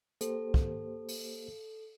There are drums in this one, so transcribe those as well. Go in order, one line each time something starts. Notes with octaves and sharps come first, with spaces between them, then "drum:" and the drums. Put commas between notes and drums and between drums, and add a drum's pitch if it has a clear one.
A#3 G4 A4 C5, drum: hi-hat
drum: kick
drum: open hi-hat